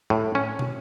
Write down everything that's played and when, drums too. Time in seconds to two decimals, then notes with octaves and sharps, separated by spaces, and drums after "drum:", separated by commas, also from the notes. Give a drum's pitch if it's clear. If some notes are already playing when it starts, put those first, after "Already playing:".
0.10 A2
0.35 C#4
0.59 drum: tom